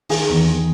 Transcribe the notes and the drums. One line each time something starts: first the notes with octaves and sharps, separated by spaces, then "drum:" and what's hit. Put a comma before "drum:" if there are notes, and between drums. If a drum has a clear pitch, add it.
D#3 G#4, drum: open hi-hat
E2
E2